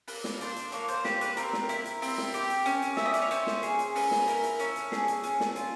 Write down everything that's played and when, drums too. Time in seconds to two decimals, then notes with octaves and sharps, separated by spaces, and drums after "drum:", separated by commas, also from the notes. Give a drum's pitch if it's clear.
0.08 A#3 B4, drum: open hi-hat
0.24 drum: snare
0.41 D4 C5, drum: hi-hat
0.56 drum: hi-hat
0.72 A#3 C#5, drum: hi-hat
0.88 C5, drum: hi-hat
1.05 G4 B4, drum: snare
1.21 B4, drum: hi-hat
1.37 C4 A#4, drum: hi-hat
1.53 drum: snare
1.69 E4, drum: hi-hat
1.85 drum: hi-hat
2.02 C4, drum: open hi-hat
2.18 drum: snare
2.34 G4, drum: hi-hat
2.50 drum: hi-hat
2.66 C#4, drum: hi-hat
2.82 drum: hi-hat
2.97 E4 E5, drum: snare
3.06 D#5
3.14 D5, drum: hi-hat
3.22 C#5
3.31 C#4 C5, drum: hi-hat
3.47 drum: snare
3.63 G#4, drum: hi-hat
3.79 drum: hi-hat
3.95 C#4 B4, drum: open hi-hat
4.11 drum: snare
4.28 E4 A#4, drum: hi-hat
4.43 drum: hi-hat
4.59 C#4 A4, drum: hi-hat
4.76 drum: hi-hat
4.92 G#4, drum: snare
5.08 drum: hi-hat
5.24 C#4, drum: hi-hat
5.40 drum: snare
5.56 F4, drum: hi-hat